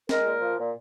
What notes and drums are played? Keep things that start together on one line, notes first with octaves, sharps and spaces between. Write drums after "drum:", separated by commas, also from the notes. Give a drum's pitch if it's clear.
G#3 A#4, drum: snare
A#2
F3
A#2